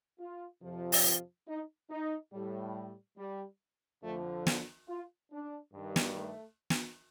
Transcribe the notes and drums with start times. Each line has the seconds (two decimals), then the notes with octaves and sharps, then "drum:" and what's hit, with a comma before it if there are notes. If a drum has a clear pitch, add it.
0.20 F4
0.62 F2 C3 F3
0.92 drum: open hi-hat
1.04 F4
1.48 D#4
1.90 D#4
2.33 A2 G3
3.18 G3
4.03 F2 D3 F3 A3
4.47 F4, drum: snare
4.89 F4
5.32 D4
5.73 G2 D#3 G3
5.96 drum: snare
6.16 A3
6.70 drum: snare